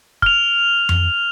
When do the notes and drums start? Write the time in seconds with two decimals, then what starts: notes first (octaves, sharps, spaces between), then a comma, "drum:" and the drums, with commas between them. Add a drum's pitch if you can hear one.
0.22 F6 F7, drum: kick
0.89 drum: tom F2